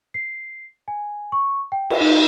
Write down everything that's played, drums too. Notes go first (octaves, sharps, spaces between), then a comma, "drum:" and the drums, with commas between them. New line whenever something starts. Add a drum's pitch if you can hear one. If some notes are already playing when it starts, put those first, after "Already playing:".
C7
G#5
C#6
G5
drum: cymbal
D#4